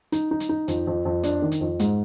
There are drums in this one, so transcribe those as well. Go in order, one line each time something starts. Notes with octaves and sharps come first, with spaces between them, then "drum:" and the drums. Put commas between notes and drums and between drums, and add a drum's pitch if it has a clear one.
D#4, drum: hi-hat
D#4
drum: hi-hat
D#4
F2, drum: hi-hat
F2
F2
D4, drum: hi-hat
D#3
drum: hi-hat
F2
G#2, drum: hi-hat